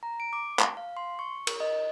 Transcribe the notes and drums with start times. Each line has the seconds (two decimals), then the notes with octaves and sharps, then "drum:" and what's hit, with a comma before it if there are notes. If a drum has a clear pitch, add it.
0.03 A#5
0.20 D7
0.33 D6
0.59 drum: clap
0.77 F5
0.97 C6
1.19 C#6
1.47 A#4, drum: cymbal
1.60 D#5